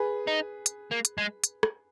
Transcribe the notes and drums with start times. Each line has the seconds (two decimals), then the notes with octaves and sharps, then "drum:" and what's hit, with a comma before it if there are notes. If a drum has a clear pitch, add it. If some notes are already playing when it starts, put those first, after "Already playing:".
Already playing: G#4 B4
0.27 D#4
0.66 drum: hi-hat
0.92 A#3
1.05 drum: hi-hat
1.18 G#3
1.44 drum: hi-hat
1.63 drum: rim click